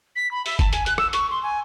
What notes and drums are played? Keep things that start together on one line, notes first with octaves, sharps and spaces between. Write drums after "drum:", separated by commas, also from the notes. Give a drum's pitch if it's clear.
B6
B5
E5, drum: open hi-hat
A5, drum: kick, hi-hat
G#5, drum: hi-hat
F#6, drum: hi-hat
E6, drum: rim click
C#6, drum: hi-hat
C6
G#5